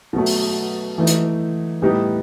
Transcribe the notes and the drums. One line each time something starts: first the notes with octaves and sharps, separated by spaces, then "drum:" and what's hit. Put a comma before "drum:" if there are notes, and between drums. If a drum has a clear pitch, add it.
B2 F#3 A3
drum: open hi-hat
E3 A3 D#4
drum: hi-hat
A2 G3 B3 D#4 G4